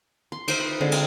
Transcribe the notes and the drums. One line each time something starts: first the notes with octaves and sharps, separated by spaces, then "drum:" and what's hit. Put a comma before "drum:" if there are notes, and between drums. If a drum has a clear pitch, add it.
C6
D#4 C5 D#5 E5, drum: cymbal
B4
D3 G#3 C4 G#5
drum: cymbal